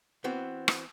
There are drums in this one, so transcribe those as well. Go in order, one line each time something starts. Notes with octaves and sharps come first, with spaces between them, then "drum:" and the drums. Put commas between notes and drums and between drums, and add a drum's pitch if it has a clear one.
E3 B3 C4 F#4
drum: rim click